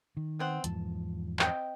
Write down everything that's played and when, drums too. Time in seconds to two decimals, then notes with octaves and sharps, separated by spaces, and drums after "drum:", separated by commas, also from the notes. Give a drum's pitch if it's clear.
0.17 D#3
0.39 B3 C4 F#5
0.64 E2 G#2 F3 A5, drum: hi-hat
1.39 C4 D#5 G5, drum: clap